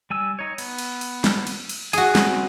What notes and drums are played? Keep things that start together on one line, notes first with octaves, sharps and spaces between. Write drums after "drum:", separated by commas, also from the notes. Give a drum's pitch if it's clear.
G3 G#5 E6
D#4 C#5
B3, drum: cymbal
drum: cymbal
drum: cymbal
drum: snare
drum: cymbal
drum: cymbal
F#4 G#4 G#5, drum: cymbal
G3 C4 C#4, drum: snare